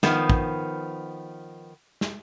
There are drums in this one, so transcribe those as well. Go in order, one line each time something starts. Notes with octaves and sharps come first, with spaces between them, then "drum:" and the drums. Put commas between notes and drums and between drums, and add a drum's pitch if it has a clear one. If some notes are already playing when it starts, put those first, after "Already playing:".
D#3 F3 B3, drum: snare
drum: kick
drum: snare